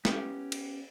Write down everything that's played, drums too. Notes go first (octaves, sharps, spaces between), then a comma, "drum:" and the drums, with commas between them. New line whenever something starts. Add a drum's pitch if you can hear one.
B3 C#4 G4, drum: snare
drum: cymbal